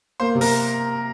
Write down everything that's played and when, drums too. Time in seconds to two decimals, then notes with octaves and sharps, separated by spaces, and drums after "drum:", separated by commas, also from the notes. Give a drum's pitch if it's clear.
0.20 A#3 C5 C6
0.35 C3
0.41 A#4 A#5, drum: open hi-hat